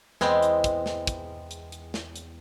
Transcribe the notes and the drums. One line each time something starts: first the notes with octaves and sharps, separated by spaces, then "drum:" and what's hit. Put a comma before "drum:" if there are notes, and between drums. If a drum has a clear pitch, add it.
E2 G#3 B3 C4 D#5, drum: snare
drum: hi-hat
drum: kick, hi-hat
drum: snare
drum: kick, hi-hat
drum: hi-hat
drum: hi-hat
drum: snare
drum: hi-hat